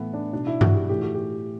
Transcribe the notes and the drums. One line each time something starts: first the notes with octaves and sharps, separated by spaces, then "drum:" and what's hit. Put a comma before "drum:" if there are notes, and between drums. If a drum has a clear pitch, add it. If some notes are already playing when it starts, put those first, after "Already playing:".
Already playing: A2 E3 B3
D4
B2 D4
E4
F#4, drum: tom
G4
A2 E3 G4
F#4
G4